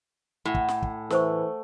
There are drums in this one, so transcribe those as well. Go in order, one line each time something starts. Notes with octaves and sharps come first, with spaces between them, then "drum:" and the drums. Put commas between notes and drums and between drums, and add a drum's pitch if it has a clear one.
A2 F#5 G#5
drum: kick
drum: snare
drum: kick
E3 A3 A#4 C5 C#6, drum: snare